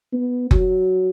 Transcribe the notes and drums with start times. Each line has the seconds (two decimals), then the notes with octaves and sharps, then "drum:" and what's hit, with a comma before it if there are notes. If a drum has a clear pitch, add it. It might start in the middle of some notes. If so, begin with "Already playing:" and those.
0.13 B3
0.51 F#3, drum: kick F#1